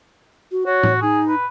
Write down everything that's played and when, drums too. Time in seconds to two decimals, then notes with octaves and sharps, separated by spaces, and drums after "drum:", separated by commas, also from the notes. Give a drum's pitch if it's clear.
0.51 F#4
0.66 F#4 C#5
0.83 drum: tom A2
1.02 D#4 G#4
1.28 B4